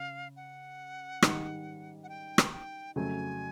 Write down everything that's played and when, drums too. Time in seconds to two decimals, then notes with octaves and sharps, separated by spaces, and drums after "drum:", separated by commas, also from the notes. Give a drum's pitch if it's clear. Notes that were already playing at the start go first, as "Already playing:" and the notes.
Already playing: C#3 F5
0.36 F#5
1.22 G#2 D#3 G3, drum: rim click
2.04 F#5
2.09 G5
2.38 drum: rim click
2.53 G5
2.96 F2 C#3 F#3 A3 G#5